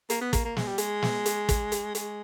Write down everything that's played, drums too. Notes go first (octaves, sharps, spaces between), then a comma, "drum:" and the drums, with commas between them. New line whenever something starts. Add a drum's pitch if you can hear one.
A#3, drum: hi-hat
B3
A#3, drum: kick, hi-hat
A#3
G#3, drum: snare
G3
G#3, drum: hi-hat
drum: snare
drum: hi-hat
drum: kick, hi-hat
drum: hi-hat
G#3, drum: hi-hat